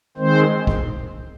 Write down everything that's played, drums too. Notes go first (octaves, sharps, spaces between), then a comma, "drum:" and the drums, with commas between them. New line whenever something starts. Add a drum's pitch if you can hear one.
D#3 G#3 C4 C5
drum: kick